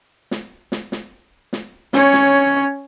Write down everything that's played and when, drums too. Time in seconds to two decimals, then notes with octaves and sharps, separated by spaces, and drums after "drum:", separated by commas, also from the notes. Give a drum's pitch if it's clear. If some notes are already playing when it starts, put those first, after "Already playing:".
0.31 drum: snare
0.72 drum: snare
0.92 drum: snare
1.53 drum: snare
1.93 C#4 C#5, drum: snare
2.13 drum: snare